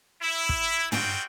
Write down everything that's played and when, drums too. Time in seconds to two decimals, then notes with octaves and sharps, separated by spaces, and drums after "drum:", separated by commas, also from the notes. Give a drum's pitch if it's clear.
0.22 E4
0.49 drum: kick
0.92 G3 C4 F4 F#4 G#4 G5, drum: tom